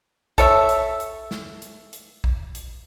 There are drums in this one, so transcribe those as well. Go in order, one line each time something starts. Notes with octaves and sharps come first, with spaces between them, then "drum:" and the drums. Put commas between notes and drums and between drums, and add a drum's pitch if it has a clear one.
A4 C#5 E5, drum: kick A#1, hi-hat
drum: hi-hat
drum: hi-hat
drum: snare
drum: hi-hat
drum: hi-hat
drum: kick A#1
drum: hi-hat